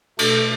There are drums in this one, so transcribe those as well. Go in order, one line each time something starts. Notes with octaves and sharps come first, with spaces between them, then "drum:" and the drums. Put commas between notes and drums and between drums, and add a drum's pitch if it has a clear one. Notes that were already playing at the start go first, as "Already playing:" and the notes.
B2 A3 D4 A4, drum: cymbal